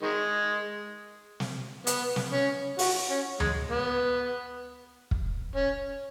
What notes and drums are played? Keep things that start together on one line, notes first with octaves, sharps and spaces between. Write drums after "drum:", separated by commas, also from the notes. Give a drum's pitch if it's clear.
D#3 G#3
drum: snare
B3, drum: hi-hat
drum: snare
C#4
F#4, drum: open hi-hat
C#4
G#3, drum: tom D2
B3
drum: kick
C#4